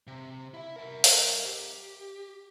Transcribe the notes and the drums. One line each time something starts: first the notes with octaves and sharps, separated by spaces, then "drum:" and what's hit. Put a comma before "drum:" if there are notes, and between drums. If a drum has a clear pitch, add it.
C3
E4 E5
A#4 E5
drum: open hi-hat
G4